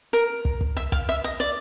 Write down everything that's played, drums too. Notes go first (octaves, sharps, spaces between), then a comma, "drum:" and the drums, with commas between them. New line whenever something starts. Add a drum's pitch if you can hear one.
A#4
drum: kick
drum: kick
E5
F5, drum: kick
E5
D#5
D5